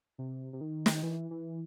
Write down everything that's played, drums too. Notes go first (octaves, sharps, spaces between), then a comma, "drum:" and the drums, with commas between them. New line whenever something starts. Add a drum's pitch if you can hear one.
C3
C3
D#3
drum: snare
E3
E3